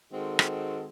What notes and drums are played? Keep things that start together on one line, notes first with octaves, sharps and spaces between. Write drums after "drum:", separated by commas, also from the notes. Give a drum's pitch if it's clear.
D#3 G#3 C4 F#4 A4
drum: rim click